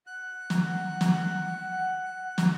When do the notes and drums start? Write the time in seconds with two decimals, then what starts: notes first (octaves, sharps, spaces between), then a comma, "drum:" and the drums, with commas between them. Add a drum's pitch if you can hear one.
0.07 F#5 F#6
0.50 drum: snare
1.01 drum: snare
2.38 drum: snare